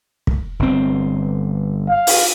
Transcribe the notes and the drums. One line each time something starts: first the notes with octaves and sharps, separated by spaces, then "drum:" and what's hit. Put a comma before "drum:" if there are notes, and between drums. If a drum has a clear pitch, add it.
drum: kick
G1 C4
F5
drum: open hi-hat